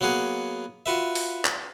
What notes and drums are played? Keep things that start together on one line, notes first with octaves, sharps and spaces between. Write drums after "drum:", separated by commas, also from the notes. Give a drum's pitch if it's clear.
F#3 A#3 B3 F#4 G#4
F4 F#4 B4 E5
drum: open hi-hat
drum: clap